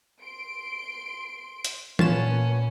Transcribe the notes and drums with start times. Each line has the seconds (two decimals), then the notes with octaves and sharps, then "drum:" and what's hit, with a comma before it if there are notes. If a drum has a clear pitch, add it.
0.22 C6 D7
1.65 drum: hi-hat
1.99 A#2 B3 C#4 F4 A5 E7, drum: tom E3